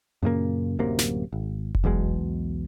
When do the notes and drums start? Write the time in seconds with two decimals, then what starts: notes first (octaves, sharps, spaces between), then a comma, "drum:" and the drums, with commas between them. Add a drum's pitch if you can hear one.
0.23 F#2 A#2 C#3 A#3
0.79 D1 F#2 C3 A#3
0.99 drum: snare
1.33 G#1
1.75 drum: kick F1
1.84 B1 E2 B2 G#3